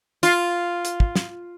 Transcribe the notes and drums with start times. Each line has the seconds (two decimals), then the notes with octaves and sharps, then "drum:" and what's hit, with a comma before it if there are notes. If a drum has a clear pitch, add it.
0.23 F4, drum: hi-hat
0.85 drum: hi-hat
1.00 drum: kick
1.16 drum: snare